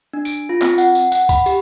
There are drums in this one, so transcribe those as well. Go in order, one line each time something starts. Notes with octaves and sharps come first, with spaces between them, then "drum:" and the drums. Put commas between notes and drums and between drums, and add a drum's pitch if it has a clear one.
D4
D7, drum: tambourine
F4
C4, drum: clap
F#5, drum: tambourine
drum: tambourine
F#5, drum: tambourine
B5, drum: kick C2, tambourine
G4, drum: tambourine